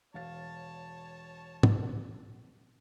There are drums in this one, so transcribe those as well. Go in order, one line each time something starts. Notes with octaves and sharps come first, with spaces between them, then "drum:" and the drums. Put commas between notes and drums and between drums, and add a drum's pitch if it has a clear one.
E1 C#5 F5 A5 A6
drum: tom